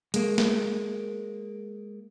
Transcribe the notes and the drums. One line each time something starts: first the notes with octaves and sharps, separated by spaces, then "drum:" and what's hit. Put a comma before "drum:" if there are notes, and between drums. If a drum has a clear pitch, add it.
G#3 A#3, drum: hi-hat
drum: snare